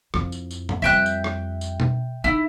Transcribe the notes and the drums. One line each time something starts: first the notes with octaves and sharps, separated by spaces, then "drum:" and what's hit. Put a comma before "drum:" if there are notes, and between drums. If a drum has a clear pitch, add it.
F2 E4, drum: rim click
drum: tambourine
drum: tambourine
drum: tom F2
F2 G3 E5 G5 F#6
drum: tambourine
drum: rim click
drum: tambourine
drum: tom B2
D#4 E4